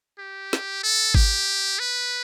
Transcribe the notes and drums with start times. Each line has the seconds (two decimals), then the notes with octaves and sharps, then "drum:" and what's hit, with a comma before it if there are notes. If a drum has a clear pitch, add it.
0.19 G4
0.53 drum: snare
0.83 A4
1.15 G4, drum: kick G#1
1.79 B4